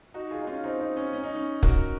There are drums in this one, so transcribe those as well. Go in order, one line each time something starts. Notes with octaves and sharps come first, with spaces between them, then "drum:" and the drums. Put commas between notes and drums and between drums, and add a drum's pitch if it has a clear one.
D#4 F#4
F4 G#4
D#4
C#4 F4
C4 D#4
C4 D#4
C#4
C#4
D#4
C#4
F#4 A#4, drum: kick